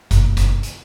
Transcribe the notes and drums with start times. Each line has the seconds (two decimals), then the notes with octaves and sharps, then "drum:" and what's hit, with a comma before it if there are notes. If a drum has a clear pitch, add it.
0.11 F#1 B2, drum: kick, hi-hat
0.37 drum: kick, hi-hat
0.63 drum: hi-hat